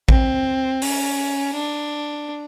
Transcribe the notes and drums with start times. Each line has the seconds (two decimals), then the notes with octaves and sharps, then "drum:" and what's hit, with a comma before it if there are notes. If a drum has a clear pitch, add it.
0.09 C4, drum: kick
0.82 C#4, drum: open hi-hat
1.54 D4